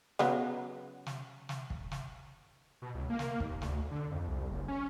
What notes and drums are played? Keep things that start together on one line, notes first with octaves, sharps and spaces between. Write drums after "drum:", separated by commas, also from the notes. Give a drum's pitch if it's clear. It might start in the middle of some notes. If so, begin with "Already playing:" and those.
C#3 F#3 B3, drum: snare
drum: snare
drum: snare
drum: kick
drum: snare
B2
C#2
A#3
drum: snare
D#2, drum: kick
D2, drum: snare
D3
F2
C2
F#1
C#4